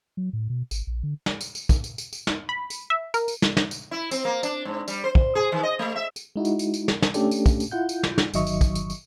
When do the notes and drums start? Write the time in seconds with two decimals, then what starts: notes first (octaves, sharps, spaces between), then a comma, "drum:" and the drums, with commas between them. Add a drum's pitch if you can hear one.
0.17 F#3
0.33 A2
0.50 B2
0.71 G#1, drum: tambourine
0.87 A#1
1.03 D3
1.26 drum: snare
1.41 drum: tambourine
1.55 drum: tambourine
1.69 drum: kick, tambourine
1.84 drum: tambourine
1.98 drum: tambourine
2.13 drum: tambourine
2.27 drum: snare
2.49 B5
2.70 drum: tambourine
2.90 E5
3.14 A#4, drum: tambourine
3.28 drum: tambourine
3.42 drum: snare
3.57 drum: snare
3.71 drum: tambourine
3.91 E4
4.11 C4, drum: tambourine
4.25 A#3
4.43 D4, drum: tambourine
4.65 G#2
4.88 G3, drum: tambourine
5.04 C5
5.15 drum: kick
5.35 G#4
5.52 D#3
5.63 D#5
5.79 A3
5.96 E5
6.16 drum: tambourine
6.36 G#3 D#4 E4 F#4
6.45 drum: tambourine
6.59 drum: tambourine
6.74 drum: tambourine
6.88 drum: snare
7.03 drum: snare
7.14 A3 C#4 D4 G4 A4 D5, drum: tambourine
7.31 drum: tambourine
7.46 drum: kick, tambourine
7.60 drum: tambourine
7.71 E4 F4 F#5 G6
7.89 drum: tambourine
8.03 drum: snare
8.18 drum: snare
8.34 G1 D#3 F#3 D#5 E5 C#6, drum: tambourine
8.47 drum: tambourine
8.61 drum: kick, tambourine
8.75 drum: tambourine
8.90 drum: tambourine